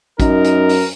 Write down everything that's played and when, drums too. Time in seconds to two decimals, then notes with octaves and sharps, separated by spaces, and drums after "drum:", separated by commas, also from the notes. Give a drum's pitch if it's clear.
0.20 F#2 D#4 A#4, drum: kick, hi-hat
0.44 drum: hi-hat
0.69 drum: open hi-hat